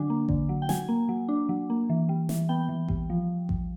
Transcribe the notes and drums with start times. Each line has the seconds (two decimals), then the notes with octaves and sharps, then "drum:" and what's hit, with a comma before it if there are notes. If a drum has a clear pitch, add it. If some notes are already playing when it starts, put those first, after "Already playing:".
Already playing: D3 F#3 D4 G#5
0.10 A#3
0.29 D3, drum: kick A1
0.49 F#3
0.62 G5
0.69 F#3 G#5, drum: snare
0.89 A#3
1.09 F#3
1.29 D4
1.49 F#3
1.70 A#3
1.89 E3
2.09 G3
2.29 E3, drum: snare
2.49 B3 G5
2.69 E3
2.88 G3, drum: kick A1
3.10 F3
3.49 drum: kick A1